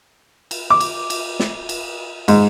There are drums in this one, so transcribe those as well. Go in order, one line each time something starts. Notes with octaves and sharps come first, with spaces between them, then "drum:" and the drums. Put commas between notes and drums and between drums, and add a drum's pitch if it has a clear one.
drum: cymbal
D6
drum: cymbal
drum: cymbal
drum: snare
drum: cymbal
G#2, drum: cymbal